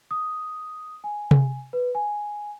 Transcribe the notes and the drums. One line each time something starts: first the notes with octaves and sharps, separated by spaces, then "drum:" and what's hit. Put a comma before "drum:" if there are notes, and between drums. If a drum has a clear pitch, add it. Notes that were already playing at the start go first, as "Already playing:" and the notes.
D#6
G#5
drum: tom C3
B4
G#5